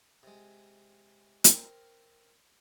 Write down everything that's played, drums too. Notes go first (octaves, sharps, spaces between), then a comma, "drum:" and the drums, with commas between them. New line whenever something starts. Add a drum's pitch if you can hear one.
C3 G#3
C4 A#4, drum: hi-hat